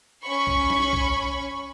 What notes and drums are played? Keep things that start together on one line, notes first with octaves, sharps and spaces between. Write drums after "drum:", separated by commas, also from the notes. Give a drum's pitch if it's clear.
C#4 B5 C#6
drum: kick C2
drum: snare
drum: kick C2